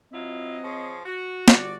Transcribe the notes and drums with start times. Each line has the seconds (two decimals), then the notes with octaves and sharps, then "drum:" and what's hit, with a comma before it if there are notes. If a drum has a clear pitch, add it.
0.12 F#3 C4 E4 F4 D#5
0.63 F3 G#4 C#5
1.05 F#4
1.48 G1 D5, drum: snare